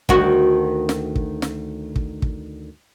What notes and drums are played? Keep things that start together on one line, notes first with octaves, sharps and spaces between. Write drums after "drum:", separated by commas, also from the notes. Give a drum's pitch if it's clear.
D2 D#3 F#4, drum: kick
drum: snare
drum: kick
drum: snare
drum: kick
drum: kick